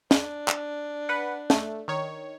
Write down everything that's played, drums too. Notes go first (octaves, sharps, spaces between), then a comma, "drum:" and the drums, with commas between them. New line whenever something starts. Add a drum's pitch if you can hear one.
D4, drum: snare
drum: clap
B4 F#5
A3, drum: snare
D#3 C#5